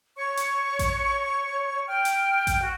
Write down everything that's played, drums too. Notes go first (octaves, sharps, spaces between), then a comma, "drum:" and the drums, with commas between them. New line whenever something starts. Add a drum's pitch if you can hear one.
C#5 C#6
drum: hi-hat
drum: kick A1, hi-hat
G5 F6
drum: hi-hat
drum: kick A1, hi-hat
F#4